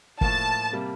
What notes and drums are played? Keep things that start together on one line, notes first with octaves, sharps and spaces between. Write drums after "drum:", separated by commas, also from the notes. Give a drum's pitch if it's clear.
A2 F3 A#3 A5, drum: kick
C3 G3 A#3